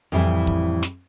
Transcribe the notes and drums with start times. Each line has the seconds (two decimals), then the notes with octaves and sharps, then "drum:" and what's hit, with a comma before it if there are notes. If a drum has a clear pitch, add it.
0.12 F2 A2 E3 G3 E4
0.47 drum: kick
0.83 drum: snare